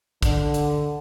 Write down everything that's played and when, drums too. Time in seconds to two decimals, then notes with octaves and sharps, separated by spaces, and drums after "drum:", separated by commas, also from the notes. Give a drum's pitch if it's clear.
0.22 D3, drum: kick, hi-hat
0.54 drum: hi-hat